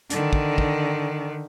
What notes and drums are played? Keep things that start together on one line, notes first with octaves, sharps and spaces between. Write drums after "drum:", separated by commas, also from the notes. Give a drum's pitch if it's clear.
D3 D#3, drum: hi-hat
drum: kick
drum: kick